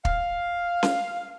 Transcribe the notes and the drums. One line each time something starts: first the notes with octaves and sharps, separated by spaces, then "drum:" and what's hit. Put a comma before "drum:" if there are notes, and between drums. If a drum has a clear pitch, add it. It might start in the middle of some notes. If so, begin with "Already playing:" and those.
F5, drum: kick
drum: snare C#4